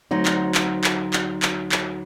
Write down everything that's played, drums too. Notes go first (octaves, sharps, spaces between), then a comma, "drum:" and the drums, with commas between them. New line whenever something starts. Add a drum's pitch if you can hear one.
D2 F#3 C4 D#4
drum: clap
drum: clap
drum: clap
drum: clap
drum: clap
drum: clap